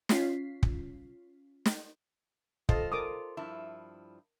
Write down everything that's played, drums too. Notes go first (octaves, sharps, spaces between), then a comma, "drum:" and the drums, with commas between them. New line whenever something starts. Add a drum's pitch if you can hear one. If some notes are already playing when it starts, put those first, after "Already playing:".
C#4 F4 B6 C7, drum: snare
drum: kick
drum: snare
F4 A4 C5 D#5, drum: kick
A#4 D6 D#6
G2 F3 E4